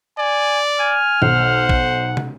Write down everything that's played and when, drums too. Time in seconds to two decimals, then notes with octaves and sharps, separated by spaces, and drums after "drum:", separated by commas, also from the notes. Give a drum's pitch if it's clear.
0.19 D5 G#5
0.79 G#5 F6
1.22 B1 C5 F#5, drum: tom D#3
1.69 drum: kick
2.17 drum: tom